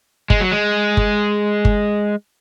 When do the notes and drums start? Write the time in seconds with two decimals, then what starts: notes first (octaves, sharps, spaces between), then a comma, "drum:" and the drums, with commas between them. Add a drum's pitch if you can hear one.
0.30 G#3, drum: kick G1
0.40 F#3
0.51 G#3
0.97 drum: kick G1
1.65 drum: kick G1